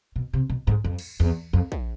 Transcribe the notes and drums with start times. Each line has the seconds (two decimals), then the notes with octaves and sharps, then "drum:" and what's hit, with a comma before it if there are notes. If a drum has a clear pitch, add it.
0.16 B2
0.33 C3
0.50 B2
0.67 G#2
0.84 F2
0.99 drum: cymbal
1.20 E2
1.53 F2
1.72 drum: kick A#1